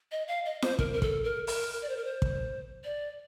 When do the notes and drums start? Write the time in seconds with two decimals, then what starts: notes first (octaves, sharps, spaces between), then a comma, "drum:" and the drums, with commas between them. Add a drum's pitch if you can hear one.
0.12 D#5
0.28 F5
0.45 D#5
0.62 C5, drum: snare
0.79 A#4, drum: kick
0.93 A#4
1.02 A4, drum: kick
1.24 A#4
1.47 A#4, drum: open hi-hat
1.82 D5
1.89 C5
1.97 A#4
2.05 C5
2.22 drum: kick
2.84 D5